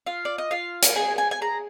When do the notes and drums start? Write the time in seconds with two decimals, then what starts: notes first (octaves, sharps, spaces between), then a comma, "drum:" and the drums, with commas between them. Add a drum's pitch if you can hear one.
0.06 F4 F5
0.25 D5
0.38 D#5
0.51 F4 F5
0.82 drum: hi-hat
0.95 G#4 G#5
1.18 G#5
1.31 G#5
1.41 G#4 A#5